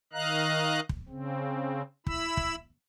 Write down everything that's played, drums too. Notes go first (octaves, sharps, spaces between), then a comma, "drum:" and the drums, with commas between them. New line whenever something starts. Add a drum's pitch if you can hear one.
D#3 D#5 F5 A#5 F#6
drum: kick
C#3 C4
E4 B5 E6, drum: kick
drum: kick